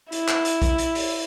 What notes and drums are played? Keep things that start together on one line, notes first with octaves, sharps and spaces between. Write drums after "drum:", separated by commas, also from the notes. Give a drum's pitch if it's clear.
E4, drum: hi-hat
drum: clap
drum: hi-hat
drum: kick A#1, hi-hat
drum: hi-hat
drum: open hi-hat